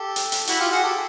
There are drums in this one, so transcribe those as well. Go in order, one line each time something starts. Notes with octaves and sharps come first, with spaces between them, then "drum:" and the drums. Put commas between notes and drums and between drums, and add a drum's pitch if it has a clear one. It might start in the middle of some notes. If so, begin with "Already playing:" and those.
Already playing: G4 A4
drum: hi-hat
drum: hi-hat
E4 F#4, drum: hi-hat
F4 G4
F#4 G#4
G4 A4